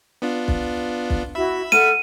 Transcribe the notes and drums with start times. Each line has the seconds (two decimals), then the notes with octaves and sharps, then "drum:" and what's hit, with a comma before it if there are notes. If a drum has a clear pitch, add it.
0.22 B3 D4 F4
0.48 drum: kick
1.10 drum: kick
1.35 E4 F#4 E5 B5 E6
1.72 A4 F#5 F6 D#7, drum: snare